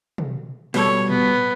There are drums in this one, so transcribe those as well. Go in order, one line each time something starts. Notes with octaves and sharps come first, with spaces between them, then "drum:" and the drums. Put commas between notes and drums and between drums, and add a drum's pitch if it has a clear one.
drum: tom
B2 G3 A4 C#5, drum: open hi-hat
B3, drum: tom